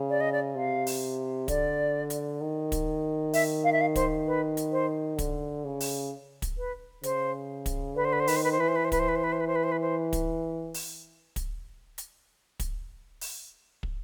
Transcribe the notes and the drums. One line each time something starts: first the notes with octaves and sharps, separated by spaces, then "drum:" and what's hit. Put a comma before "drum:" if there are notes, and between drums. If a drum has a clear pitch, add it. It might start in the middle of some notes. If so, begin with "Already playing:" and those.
Already playing: C#3
D5
D#5
D5
C3 F5
drum: open hi-hat
D3 D5, drum: kick, hi-hat
drum: hi-hat
D#3
drum: kick, hi-hat
E5, drum: open hi-hat
F5
E5
F5
C5, drum: kick, hi-hat
B4
drum: hi-hat
C5
D3, drum: kick, hi-hat
C#3
drum: open hi-hat
drum: kick, hi-hat
B4
C#3 C5, drum: hi-hat
drum: kick, hi-hat
D3 B4
C5
B4
C5
D#3 B4, drum: open hi-hat
C5
B4
C5
E3 B4
C5
B4
C5
B4, drum: kick, hi-hat
C5
B4
C5
B4
C5
B4
C5
B4
C5
B4
C5
drum: kick, hi-hat
drum: open hi-hat
drum: kick, hi-hat
drum: hi-hat
drum: kick, hi-hat
drum: open hi-hat
drum: kick